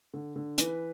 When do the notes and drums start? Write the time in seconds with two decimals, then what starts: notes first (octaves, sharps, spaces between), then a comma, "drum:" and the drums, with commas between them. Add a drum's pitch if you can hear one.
0.14 D3
0.36 D3
0.58 E3 B4, drum: hi-hat